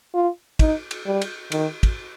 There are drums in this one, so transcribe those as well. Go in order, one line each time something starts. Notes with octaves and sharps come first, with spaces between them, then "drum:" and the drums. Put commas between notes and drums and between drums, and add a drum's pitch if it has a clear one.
F4
D#4, drum: kick, cymbal
drum: cymbal
G3
drum: cymbal
D#3, drum: cymbal
drum: kick, cymbal